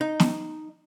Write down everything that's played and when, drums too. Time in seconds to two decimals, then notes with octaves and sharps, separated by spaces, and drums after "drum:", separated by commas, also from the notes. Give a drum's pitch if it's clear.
0.01 D#4
0.20 drum: snare